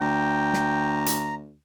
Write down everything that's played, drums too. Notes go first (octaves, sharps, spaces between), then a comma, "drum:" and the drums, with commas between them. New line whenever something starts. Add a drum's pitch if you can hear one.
D2 G5 A#5
drum: snare
drum: hi-hat